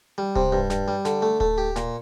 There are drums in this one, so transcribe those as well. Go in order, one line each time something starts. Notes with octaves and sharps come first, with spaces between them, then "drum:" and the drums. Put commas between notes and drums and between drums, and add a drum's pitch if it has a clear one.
G3
C3, drum: kick D1
G2
G2, drum: snare
G3
D3, drum: snare
A3
A3, drum: kick D1
G4
A#2, drum: snare